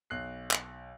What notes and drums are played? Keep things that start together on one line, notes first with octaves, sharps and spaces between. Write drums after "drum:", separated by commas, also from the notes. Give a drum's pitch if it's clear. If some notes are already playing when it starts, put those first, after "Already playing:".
B1 F#6 C7
drum: clap